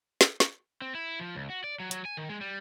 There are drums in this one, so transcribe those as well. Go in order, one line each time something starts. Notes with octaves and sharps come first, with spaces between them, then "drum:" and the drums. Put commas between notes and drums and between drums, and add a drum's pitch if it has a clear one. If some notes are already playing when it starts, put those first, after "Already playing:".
drum: snare
drum: snare
C4
E4
F3
C#2
F#4
D5
F#3
F#3, drum: hi-hat
G#5
D#3
G#3
G3